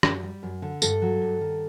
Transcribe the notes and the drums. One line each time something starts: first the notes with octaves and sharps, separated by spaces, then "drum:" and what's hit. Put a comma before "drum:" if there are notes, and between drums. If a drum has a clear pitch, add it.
F#2, drum: rim click
G3
F#2
D3
G2 A4, drum: tambourine
F#3
G2
D#3